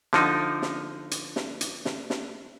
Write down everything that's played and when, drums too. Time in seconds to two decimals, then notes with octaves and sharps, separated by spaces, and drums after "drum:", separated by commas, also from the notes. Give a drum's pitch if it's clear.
0.13 D3 F3 D#4, drum: snare
0.62 drum: snare
1.11 drum: hi-hat
1.36 drum: snare
1.61 drum: hi-hat
1.85 drum: snare
2.10 drum: snare